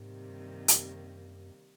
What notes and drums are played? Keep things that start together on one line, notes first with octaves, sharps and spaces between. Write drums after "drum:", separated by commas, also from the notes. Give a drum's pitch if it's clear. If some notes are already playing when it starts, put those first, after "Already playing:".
Already playing: G#2 C3 D#3 G3 A#3
G2
F#2, drum: hi-hat